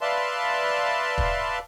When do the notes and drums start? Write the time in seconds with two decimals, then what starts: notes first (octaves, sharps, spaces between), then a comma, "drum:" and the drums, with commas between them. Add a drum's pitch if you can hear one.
0.01 B4 D5 E5 F5 A5 C6
1.18 drum: kick